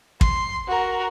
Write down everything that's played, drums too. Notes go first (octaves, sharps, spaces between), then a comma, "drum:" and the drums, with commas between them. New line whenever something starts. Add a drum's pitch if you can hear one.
C6, drum: kick
F#4 A#4